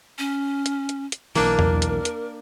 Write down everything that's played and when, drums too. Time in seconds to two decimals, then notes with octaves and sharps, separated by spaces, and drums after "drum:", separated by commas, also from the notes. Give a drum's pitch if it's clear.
0.18 C#4
0.66 drum: hi-hat
0.89 drum: hi-hat
1.12 drum: hi-hat
1.35 B1 E3 A#3 D4 A#4, drum: open hi-hat
1.59 drum: tom E2
1.82 drum: hi-hat
2.05 drum: hi-hat